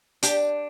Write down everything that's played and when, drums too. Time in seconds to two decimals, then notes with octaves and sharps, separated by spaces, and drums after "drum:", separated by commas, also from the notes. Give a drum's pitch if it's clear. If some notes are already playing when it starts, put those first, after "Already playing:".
0.23 D4 G4, drum: hi-hat